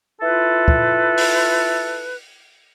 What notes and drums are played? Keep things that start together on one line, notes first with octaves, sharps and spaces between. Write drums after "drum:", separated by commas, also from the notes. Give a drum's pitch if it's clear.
E4 F4 A4 B4
drum: kick
drum: open hi-hat